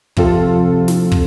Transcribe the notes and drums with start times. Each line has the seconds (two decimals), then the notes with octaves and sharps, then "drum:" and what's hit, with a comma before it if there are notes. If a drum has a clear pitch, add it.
0.17 C3 F3 C4 F4 A4, drum: kick
0.88 drum: snare
1.12 drum: kick